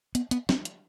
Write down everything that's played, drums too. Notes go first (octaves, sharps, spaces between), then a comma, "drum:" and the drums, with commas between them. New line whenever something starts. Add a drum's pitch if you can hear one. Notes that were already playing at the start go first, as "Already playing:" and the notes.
B3, drum: hi-hat
B3, drum: hi-hat
C4, drum: snare
drum: hi-hat